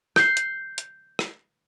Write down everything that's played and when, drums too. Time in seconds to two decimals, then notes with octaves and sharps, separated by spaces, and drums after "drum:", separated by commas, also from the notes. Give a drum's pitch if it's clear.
0.16 G6 C7, drum: rim click
0.37 drum: hi-hat
0.78 drum: hi-hat
1.19 drum: rim click